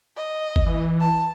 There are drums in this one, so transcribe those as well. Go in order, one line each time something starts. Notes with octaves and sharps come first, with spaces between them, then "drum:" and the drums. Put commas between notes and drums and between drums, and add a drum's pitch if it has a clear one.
D#5
drum: kick G1
E3
A5